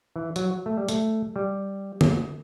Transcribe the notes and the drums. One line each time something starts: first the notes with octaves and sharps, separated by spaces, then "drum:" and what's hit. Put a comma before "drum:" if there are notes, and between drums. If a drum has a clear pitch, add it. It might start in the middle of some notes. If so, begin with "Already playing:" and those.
E3
F#3, drum: hi-hat
A3
G3
A3, drum: hi-hat
G3
drum: tom